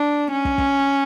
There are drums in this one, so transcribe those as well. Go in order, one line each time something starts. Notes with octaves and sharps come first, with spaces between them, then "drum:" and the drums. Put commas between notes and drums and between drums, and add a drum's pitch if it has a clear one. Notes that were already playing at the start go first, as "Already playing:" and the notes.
Already playing: D4
C#4
drum: kick
drum: kick